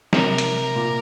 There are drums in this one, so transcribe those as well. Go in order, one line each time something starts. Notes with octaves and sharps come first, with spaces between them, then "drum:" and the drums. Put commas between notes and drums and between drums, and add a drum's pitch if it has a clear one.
C3 A#4, drum: snare
drum: hi-hat
A#2